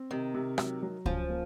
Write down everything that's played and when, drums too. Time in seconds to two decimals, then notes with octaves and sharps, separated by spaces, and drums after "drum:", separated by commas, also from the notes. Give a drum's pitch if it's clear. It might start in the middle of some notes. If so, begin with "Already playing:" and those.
Already playing: C4
0.11 C3 D#3
0.34 C3
0.58 F#3, drum: rim click
0.82 F#3
1.05 F3 C#4, drum: kick C#2
1.29 A#3